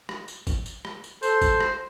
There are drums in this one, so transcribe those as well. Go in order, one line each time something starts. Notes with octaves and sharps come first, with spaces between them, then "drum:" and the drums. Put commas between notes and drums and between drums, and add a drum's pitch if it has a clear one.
drum: rim click
drum: tambourine
drum: kick G1, tambourine
drum: tambourine
drum: rim click
drum: tambourine
A4 C5, drum: tambourine
drum: kick G1, tambourine
drum: rim click